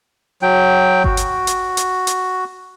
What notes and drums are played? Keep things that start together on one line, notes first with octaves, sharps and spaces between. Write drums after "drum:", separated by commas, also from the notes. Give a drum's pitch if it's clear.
F#3 G5
F#4, drum: kick G1
drum: hi-hat
drum: hi-hat
drum: hi-hat
drum: hi-hat